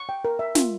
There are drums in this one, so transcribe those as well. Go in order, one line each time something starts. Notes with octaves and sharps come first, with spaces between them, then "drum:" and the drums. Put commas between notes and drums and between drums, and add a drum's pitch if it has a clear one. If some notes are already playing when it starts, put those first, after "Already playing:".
Already playing: C#6
G5
A#4
E5
F4, drum: snare